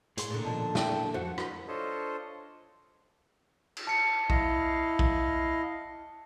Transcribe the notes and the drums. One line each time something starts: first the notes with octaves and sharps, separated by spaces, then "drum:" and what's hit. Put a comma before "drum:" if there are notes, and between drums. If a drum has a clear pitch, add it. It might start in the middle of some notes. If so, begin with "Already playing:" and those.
A2 G#4 C6, drum: hi-hat
A#2 D3
B2 D#3 F3 A5
E5 G5, drum: snare
F2 F#4 C5 F#5
drum: rim click
D4 F4 A4 C5 C#5 D#5
drum: cymbal
A5 C#7
E4 D#5 F5, drum: kick A#1
drum: kick A#1